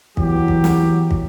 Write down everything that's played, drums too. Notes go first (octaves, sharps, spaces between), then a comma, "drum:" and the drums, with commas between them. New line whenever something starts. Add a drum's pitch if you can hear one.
E3 F#3 B3 G4, drum: kick
drum: kick
drum: snare
drum: kick